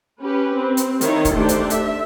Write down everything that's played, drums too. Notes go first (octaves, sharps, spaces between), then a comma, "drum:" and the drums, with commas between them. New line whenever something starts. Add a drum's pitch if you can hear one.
C#4 G4 B4
C4
drum: hi-hat
D#3 E4 C#5, drum: hi-hat
drum: kick, hi-hat
A3 D4 G4 C5
drum: hi-hat
E5, drum: hi-hat